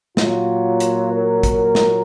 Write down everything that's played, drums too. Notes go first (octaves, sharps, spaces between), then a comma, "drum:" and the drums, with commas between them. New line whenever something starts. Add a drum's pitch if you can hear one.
A#2 F#3 F4, drum: snare
drum: hi-hat
A#4
drum: kick, hi-hat
drum: snare